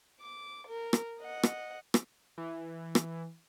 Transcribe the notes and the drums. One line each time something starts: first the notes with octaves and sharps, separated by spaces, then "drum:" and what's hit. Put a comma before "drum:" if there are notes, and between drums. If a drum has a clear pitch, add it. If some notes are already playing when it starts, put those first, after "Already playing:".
D6
A#4
drum: rim click
D#5 F#5
drum: rim click
drum: rim click
E3
drum: rim click